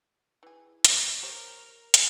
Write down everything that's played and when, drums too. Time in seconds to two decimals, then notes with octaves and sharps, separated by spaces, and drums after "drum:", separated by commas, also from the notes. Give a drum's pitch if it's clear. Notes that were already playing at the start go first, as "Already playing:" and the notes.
0.43 E3 G#4
0.85 drum: hi-hat
1.23 G4 A#4 C5 C#5
1.94 F3 A3, drum: hi-hat